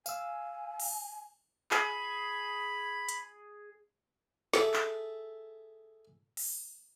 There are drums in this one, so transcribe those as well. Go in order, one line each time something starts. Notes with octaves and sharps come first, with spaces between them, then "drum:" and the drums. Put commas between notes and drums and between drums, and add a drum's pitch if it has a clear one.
F5 G#5 E6, drum: tambourine
drum: open hi-hat
G#4 B5, drum: clap
drum: hi-hat
G#4 A4 E5, drum: snare
drum: clap
drum: open hi-hat